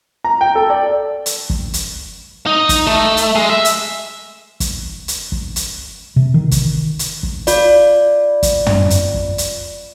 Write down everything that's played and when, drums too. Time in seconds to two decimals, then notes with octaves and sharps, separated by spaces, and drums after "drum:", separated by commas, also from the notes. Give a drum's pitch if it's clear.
0.24 A#5
0.41 G5
0.55 A4
0.70 D5
1.26 drum: hi-hat
1.50 drum: kick
1.74 drum: hi-hat
2.46 D#4
2.69 drum: kick, hi-hat
2.87 A3
3.17 drum: hi-hat
3.35 G#3
3.50 E5
3.65 drum: hi-hat
4.60 drum: kick, hi-hat
5.08 drum: hi-hat
5.32 drum: kick
5.56 drum: hi-hat
6.16 C3
6.34 D#3
6.51 drum: kick, hi-hat
6.99 drum: hi-hat
7.23 drum: kick
7.47 F4 D5, drum: hi-hat
8.43 drum: kick, hi-hat
8.66 drum: tom
8.90 drum: hi-hat
9.14 drum: kick
9.38 drum: hi-hat